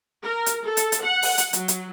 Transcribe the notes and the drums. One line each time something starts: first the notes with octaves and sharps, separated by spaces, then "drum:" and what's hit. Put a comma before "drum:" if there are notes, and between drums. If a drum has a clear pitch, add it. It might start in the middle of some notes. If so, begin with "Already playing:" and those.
A#4
drum: hi-hat
A4
drum: hi-hat
drum: hi-hat
F#5
drum: open hi-hat
drum: hi-hat
F#3, drum: hi-hat
drum: hi-hat